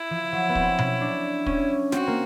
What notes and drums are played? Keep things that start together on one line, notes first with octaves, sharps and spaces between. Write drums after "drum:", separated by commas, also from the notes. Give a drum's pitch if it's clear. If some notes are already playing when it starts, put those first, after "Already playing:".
Already playing: E4
F3
F#3
B3
C4, drum: kick
C#4, drum: tom B2
D4
C#4, drum: kick
C4 F#4, drum: snare
A#3